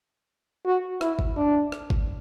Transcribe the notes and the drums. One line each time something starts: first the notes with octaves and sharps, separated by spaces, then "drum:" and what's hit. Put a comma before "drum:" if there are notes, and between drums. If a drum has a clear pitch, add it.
F#4
E4, drum: rim click
drum: kick G#1
D4
drum: rim click
drum: kick G#1